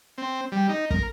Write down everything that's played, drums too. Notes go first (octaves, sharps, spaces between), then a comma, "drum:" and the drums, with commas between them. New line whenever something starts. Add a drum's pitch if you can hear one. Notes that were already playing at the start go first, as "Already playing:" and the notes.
C4
G3
D#4
A#4, drum: kick